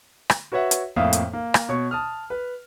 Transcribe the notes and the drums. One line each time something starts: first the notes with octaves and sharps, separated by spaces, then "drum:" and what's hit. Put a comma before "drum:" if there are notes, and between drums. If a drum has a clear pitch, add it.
drum: rim click
F#4 B4 C#5 E5 F#5
drum: hi-hat
F2 A2 A#3 E5 F5 D#6
drum: hi-hat
A#3
drum: rim click
B2 C#5 C#6
A5 D#6 F6
B4